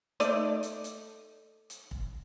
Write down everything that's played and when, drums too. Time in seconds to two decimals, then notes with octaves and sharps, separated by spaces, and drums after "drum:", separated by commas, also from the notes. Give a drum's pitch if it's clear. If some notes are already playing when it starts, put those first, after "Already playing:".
0.20 A3 D#4 D5, drum: hi-hat
0.63 drum: hi-hat
0.84 drum: hi-hat
1.70 drum: hi-hat
1.91 drum: kick